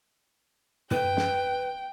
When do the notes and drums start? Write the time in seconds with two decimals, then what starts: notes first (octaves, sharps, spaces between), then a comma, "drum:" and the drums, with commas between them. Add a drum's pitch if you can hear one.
0.91 B4 G5, drum: tom
1.17 drum: snare